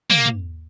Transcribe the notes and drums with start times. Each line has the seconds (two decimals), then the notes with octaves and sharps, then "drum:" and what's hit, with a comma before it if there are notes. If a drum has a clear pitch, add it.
0.10 A#3, drum: tom
0.26 drum: tom